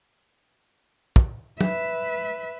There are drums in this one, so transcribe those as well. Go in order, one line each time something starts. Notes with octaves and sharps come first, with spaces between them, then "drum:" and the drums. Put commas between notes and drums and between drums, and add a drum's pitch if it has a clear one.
drum: kick
B4 E5, drum: tom